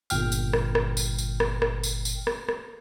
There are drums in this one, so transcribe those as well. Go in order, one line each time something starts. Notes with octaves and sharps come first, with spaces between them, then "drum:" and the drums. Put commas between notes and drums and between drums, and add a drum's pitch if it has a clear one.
G1 A#2 G5 F6, drum: tambourine
drum: tambourine
drum: rim click
drum: rim click
drum: tambourine
drum: tambourine
drum: rim click
drum: rim click
drum: tambourine
drum: tambourine
drum: rim click
drum: rim click